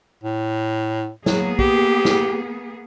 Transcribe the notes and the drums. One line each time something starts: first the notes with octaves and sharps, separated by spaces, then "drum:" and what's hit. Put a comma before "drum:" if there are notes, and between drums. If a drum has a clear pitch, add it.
A2
F#3 A#3 B3 G#4, drum: snare
G4, drum: kick
drum: snare